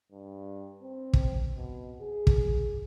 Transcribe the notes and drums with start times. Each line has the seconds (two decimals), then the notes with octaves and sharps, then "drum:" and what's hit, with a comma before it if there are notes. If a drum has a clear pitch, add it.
0.12 G2
0.82 C4
1.14 drum: kick
1.57 B2
2.01 G#4
2.27 drum: kick